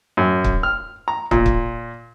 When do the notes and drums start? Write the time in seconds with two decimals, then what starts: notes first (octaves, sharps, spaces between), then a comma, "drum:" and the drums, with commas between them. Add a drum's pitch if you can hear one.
0.17 F#2
0.44 drum: kick
0.63 F6
1.08 A#5
1.31 A#2, drum: kick
1.46 drum: kick